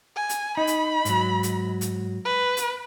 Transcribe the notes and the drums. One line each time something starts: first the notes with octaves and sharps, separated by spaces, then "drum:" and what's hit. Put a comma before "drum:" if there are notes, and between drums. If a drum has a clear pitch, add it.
G#5
drum: hi-hat
D#4 B5
drum: hi-hat
G#2 F#3, drum: hi-hat
drum: hi-hat
drum: hi-hat
B4
drum: hi-hat